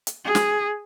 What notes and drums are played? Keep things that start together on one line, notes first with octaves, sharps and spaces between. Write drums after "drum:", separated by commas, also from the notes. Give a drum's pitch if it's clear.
drum: hi-hat
G#4
drum: snare